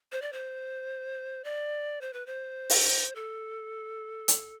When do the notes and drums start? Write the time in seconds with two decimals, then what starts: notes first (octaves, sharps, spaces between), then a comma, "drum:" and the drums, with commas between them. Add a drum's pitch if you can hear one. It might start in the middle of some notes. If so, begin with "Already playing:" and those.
0.12 C5
0.22 D5
0.33 C5
1.44 D5
2.01 C5
2.13 B4
2.26 C5
2.70 drum: open hi-hat
3.15 A4
4.28 drum: hi-hat